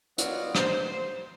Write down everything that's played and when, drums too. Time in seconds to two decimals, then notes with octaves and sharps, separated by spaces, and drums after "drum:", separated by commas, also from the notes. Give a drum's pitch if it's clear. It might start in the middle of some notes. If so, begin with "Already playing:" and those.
0.18 F#3 B3 F4 D5 D#5, drum: hi-hat
0.55 C5, drum: rim click